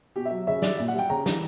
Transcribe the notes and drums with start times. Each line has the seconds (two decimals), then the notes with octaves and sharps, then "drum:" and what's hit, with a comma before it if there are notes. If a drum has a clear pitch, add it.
0.16 B2 G4
0.25 E5
0.31 F#3
0.47 C#3 E5
0.62 G3 D5, drum: snare
0.78 A#2 E5
0.88 F#5
0.94 G3 G5
1.10 C#3 A#5
1.26 E3 G3, drum: snare